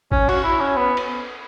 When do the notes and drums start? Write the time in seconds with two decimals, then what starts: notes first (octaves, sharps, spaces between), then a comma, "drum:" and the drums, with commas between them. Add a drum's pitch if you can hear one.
0.12 C#4, drum: kick G#1
0.29 F#4, drum: cymbal
0.44 E4
0.61 C#4
0.77 B3
0.97 drum: cymbal